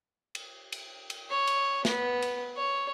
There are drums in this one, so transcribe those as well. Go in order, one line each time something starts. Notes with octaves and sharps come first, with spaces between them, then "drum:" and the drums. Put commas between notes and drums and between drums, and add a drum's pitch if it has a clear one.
drum: cymbal
drum: cymbal
drum: cymbal
C#5
drum: cymbal
B3, drum: snare
drum: cymbal
C#5